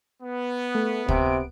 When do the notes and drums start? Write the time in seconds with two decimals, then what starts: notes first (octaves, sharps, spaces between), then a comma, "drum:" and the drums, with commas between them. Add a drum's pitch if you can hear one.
0.23 B3
0.75 A3
1.08 C3 D7, drum: kick